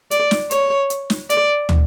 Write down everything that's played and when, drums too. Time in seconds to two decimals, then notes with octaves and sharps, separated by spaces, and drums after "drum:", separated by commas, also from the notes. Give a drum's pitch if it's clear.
0.11 D5, drum: hi-hat
0.31 drum: snare
0.51 C#5, drum: hi-hat
0.90 drum: hi-hat
1.10 drum: snare
1.30 D5, drum: hi-hat
1.69 drum: tom